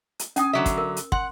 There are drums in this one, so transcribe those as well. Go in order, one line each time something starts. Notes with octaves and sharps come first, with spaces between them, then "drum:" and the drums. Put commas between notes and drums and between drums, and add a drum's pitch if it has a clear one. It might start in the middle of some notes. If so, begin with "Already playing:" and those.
drum: hi-hat
C#4 G5 G#5 D#6, drum: hi-hat
D3 F#3 E5
drum: kick, hi-hat
A#4
drum: hi-hat
F#5 C6, drum: kick